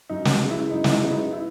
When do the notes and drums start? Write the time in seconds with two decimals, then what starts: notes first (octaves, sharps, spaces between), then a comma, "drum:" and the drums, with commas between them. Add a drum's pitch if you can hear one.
0.10 F#2 D#4
0.25 drum: snare
0.41 C#3 G#3 B3
0.50 E4
0.71 F#2 D#4
0.84 E4, drum: snare
0.92 D#4
1.02 C#3 G#3 B3
1.13 D#4
1.32 E4